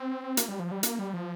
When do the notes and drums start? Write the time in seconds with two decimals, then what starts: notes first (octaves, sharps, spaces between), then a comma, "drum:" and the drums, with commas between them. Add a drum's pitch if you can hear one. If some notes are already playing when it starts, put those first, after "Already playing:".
Already playing: C4
0.37 A#3, drum: hi-hat
0.49 G3
0.59 F3
0.71 G3
0.83 A#3, drum: hi-hat
0.99 G3
1.14 F3